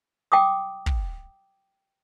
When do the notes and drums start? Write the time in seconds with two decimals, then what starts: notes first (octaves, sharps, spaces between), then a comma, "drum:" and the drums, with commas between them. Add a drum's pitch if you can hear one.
0.32 G5 D6 D#6
0.86 drum: kick